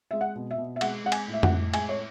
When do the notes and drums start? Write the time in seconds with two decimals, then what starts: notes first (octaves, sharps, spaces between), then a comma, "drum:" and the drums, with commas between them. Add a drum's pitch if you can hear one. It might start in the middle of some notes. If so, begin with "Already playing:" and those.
0.11 G#3 E5
0.21 F#5
0.36 B2
0.51 E5
0.58 B2
0.76 E5
0.81 G#3 F#5, drum: cymbal
1.04 G#3 F#5
1.12 G#5, drum: cymbal
1.28 A2
1.33 E5
1.43 F#5, drum: tom F2
1.51 A2
1.74 G#3 G#5, drum: cymbal
1.89 C#5